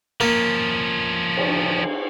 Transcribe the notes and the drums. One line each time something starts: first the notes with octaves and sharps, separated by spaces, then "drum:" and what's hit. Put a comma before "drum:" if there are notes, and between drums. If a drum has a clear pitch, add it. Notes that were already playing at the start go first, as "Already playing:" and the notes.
F3 A#3 C#4
drum: cymbal